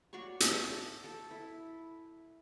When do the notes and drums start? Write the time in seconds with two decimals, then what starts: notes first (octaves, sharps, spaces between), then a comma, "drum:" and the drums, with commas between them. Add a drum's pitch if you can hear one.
0.13 F#4 C#5 D5 C#6
0.40 A4 E5 A5, drum: hi-hat
1.04 A4
1.31 E4